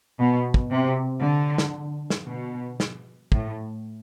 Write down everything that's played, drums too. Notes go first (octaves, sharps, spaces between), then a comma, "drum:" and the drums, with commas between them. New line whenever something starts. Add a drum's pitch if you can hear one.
B2
drum: kick
C3
D3
drum: snare
drum: snare
B2
drum: snare
A2, drum: kick